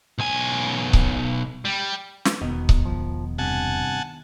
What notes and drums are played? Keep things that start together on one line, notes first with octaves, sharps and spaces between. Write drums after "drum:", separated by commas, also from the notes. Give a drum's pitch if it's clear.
B1 G#5
drum: kick C#1
G3
drum: snare
E1 B2 D#3 B3
drum: kick C#1
F3
G2 C3 F#5 G#5 A5